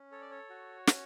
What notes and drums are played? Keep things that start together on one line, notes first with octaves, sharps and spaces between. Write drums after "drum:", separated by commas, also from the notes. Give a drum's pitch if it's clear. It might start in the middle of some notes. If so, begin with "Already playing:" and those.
Already playing: C#4
A4 C#5
D5
C#5
F#4
C#4, drum: snare